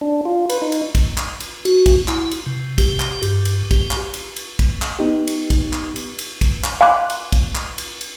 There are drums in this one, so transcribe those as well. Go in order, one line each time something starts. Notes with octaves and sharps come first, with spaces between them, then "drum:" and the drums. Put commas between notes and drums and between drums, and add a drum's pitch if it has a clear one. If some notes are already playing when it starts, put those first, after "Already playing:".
D4
F4
B4, drum: cymbal
D#4
drum: cymbal
drum: kick, cymbal
drum: clap
drum: cymbal
F#4, drum: cymbal
drum: kick, cymbal
E4, drum: clap
drum: cymbal
C3
G4, drum: kick, cymbal
drum: clap
G2, drum: cymbal
drum: cymbal
G4, drum: kick, cymbal
drum: clap
drum: cymbal
drum: cymbal
drum: kick, cymbal
drum: clap
B3 D#4 G4
drum: cymbal
drum: kick, cymbal
drum: clap
drum: cymbal
drum: cymbal
drum: kick, cymbal
drum: clap
F5 G#5 B5 C6 D6 F#6
drum: cymbal
drum: kick, cymbal
drum: clap
drum: cymbal
drum: cymbal